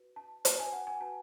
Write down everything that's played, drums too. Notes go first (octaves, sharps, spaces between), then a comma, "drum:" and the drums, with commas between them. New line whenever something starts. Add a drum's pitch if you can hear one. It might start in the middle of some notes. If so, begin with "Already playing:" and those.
Already playing: F#4 B4
A5
F#4 B4 A5, drum: hi-hat
G#5
F#5
G#5
F#4 B4 A5